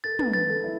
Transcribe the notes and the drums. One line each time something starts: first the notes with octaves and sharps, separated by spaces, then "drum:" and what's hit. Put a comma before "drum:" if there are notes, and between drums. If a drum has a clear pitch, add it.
A4 A6
A4
B4, drum: tom
B4 A6
A4
E4